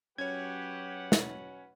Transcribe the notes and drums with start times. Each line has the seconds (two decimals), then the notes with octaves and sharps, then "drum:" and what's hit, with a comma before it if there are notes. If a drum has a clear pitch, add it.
0.18 F#3 C#4 G4 B4 C#5 F#5 G#6
1.12 drum: snare